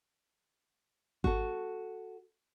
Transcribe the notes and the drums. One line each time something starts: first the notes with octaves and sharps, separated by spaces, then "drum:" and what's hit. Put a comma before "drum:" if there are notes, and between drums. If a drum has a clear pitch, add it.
F#4 A4, drum: kick G#1